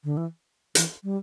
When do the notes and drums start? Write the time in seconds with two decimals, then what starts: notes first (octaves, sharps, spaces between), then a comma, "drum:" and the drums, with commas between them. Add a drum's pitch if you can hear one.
0.04 D3
0.17 E3
0.75 E3, drum: hi-hat
1.04 G3